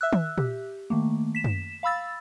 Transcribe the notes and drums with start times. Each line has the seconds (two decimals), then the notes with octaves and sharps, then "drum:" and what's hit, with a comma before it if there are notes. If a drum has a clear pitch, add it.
0.01 E5 E6 F#6
0.13 drum: tom D#3
0.38 G4, drum: tom A#2
0.90 D#3 A3 A#3
1.35 B6 E7
1.44 drum: tom F#2
1.83 F5 B5 E6 A6